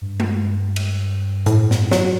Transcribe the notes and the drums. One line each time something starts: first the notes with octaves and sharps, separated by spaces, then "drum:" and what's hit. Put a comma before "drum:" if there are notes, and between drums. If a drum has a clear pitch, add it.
G2
drum: tom G#3
drum: cymbal
A2, drum: hi-hat
drum: snare
F#3, drum: snare